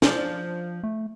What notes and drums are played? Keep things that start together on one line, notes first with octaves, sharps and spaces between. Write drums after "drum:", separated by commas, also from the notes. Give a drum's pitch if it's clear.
F3 D4, drum: snare
A3